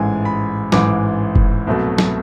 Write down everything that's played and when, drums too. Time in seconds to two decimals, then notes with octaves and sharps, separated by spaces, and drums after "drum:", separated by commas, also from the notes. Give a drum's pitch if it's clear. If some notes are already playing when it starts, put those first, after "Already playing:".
Already playing: A1 G#2 E3 G#3 G#5
0.25 B5
0.72 A1 G#2 E3 G#3 D6, drum: snare
1.35 drum: kick F1
1.67 C2 B2 F#3 A3
1.98 drum: snare